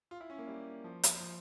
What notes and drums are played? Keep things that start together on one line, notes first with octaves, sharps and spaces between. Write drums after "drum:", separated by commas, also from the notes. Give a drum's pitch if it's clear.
F4
E4
C#4
A#3
G3
F3
drum: hi-hat
F3